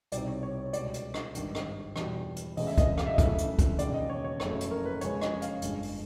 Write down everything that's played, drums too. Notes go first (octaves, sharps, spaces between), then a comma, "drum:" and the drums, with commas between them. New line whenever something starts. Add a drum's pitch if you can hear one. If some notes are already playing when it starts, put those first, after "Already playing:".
C2 B2 G3 C4 D#4 D5, drum: hi-hat
C#5
C#5
C#5
C#2 B2 G3 D5, drum: hi-hat
drum: hi-hat
drum: rim click
G#1 G2 D#3, drum: hi-hat
drum: rim click
E2 B2 G3, drum: rim click
drum: hi-hat
E1 E2 C#3 E3 A3 D#5, drum: open hi-hat
E5
D#5, drum: kick, hi-hat
F5, drum: rim click
E5
D#5
F#2 C#3 E3 A3 E5, drum: kick, hi-hat
drum: hi-hat
drum: kick, hi-hat
E1 D#2 C#3 D5, drum: hi-hat
D#5
C#5
C#5
F#1 F2 C#3 F#3 A3 C#5, drum: rim click
drum: hi-hat
A#4
B4
F2 C#3 F3 G#3 C#4 C#5, drum: hi-hat
D#5, drum: rim click
F5, drum: hi-hat
G1 F2 D3 F3 G#3, drum: hi-hat
drum: open hi-hat